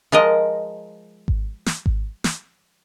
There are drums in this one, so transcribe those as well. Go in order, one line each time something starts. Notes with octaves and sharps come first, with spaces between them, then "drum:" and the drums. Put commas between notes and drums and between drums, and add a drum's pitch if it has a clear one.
F3 G#3 A#4 D#5
drum: kick G#1
drum: snare
drum: kick G#1
drum: snare